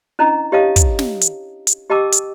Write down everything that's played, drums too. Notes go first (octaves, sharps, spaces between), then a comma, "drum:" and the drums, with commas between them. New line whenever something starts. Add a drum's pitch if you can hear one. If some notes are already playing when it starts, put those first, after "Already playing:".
C#4 D4 E4 D#5 A#5
G4 C#5 D#5 F5 A5 D#6
drum: kick, hi-hat
drum: snare
drum: hi-hat
drum: hi-hat
G4 D#5 G5 A5 D6 E6
drum: hi-hat